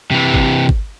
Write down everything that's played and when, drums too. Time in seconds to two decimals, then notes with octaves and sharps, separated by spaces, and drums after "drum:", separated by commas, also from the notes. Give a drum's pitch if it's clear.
0.11 C3 E3
0.34 drum: kick G#1
0.69 drum: kick G#1